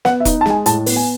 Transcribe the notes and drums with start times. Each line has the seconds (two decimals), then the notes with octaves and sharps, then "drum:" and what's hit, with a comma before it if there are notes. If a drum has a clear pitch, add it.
0.05 B3 F#5, drum: snare
0.20 E5
0.25 D#4, drum: kick E1, hi-hat
0.41 A5
0.46 G#3 G#5, drum: snare
0.66 A2 A5, drum: hi-hat
0.86 B3, drum: open hi-hat
0.96 G#5